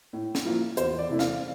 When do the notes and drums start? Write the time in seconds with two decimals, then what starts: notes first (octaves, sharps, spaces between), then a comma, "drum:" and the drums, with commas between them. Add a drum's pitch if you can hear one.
0.13 A2
0.35 drum: snare
0.45 F3 A#3 E4
0.77 E2 C5, drum: hi-hat
0.98 D5
1.09 C3 E3 A3 E4
1.19 F5, drum: snare